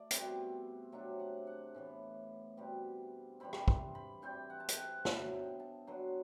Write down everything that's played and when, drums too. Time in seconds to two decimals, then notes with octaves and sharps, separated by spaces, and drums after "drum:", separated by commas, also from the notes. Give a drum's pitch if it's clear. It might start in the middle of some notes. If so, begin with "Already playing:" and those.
Already playing: A3 D5
0.11 B2 G3 C4, drum: hi-hat
0.92 C3 F#3 A3 D4 E5
1.20 F#5
1.47 F#5
1.75 A2 E3 B3
2.57 B2 G3 C4
3.40 E3 G3 C4 B5
3.53 drum: rim click
3.68 C6, drum: kick
3.95 B5
4.22 E3 G3 C4 G5
4.50 F#5
4.60 A5
4.69 G5, drum: hi-hat
4.77 F#5
5.05 D3 F#3 B3 E5, drum: snare
5.33 G5
5.60 A5
5.87 D3 F#3 B3 C6